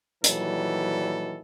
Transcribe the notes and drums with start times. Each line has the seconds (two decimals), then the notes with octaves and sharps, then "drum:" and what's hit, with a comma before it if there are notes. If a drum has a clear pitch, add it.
0.24 A#2 D#3 E3 F#3 G3 A4, drum: hi-hat